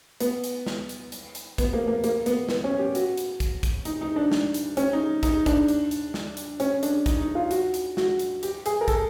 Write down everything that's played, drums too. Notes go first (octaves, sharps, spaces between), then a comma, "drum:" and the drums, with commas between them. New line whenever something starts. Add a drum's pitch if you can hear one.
B3, drum: hi-hat
drum: hi-hat
drum: snare
drum: hi-hat
drum: hi-hat
drum: hi-hat
B3, drum: kick, hi-hat
A#3
A#3
A#3, drum: hi-hat
B3, drum: hi-hat
B3, drum: snare
C#4
G4
F#4, drum: hi-hat
drum: hi-hat
drum: kick, hi-hat
drum: kick, hi-hat
D#4, drum: hi-hat
D#4
D4
drum: snare
drum: hi-hat
C#4, drum: hi-hat
D#4
D#4, drum: kick, hi-hat
D4, drum: kick, hi-hat
drum: hi-hat
drum: hi-hat
drum: snare
drum: hi-hat
C#4, drum: hi-hat
D4, drum: hi-hat
D#4, drum: kick, hi-hat
D#4
F4
F#4, drum: hi-hat
drum: hi-hat
F#4, drum: snare
drum: hi-hat
G4, drum: hi-hat
G#4, drum: hi-hat
A#4
A4, drum: kick, hi-hat